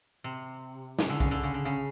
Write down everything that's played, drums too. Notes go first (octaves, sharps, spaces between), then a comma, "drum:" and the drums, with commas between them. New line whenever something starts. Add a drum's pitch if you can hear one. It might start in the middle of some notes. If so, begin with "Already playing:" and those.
C3
C#3, drum: snare
D3
C#3, drum: kick
D3
C#3
D3
C#3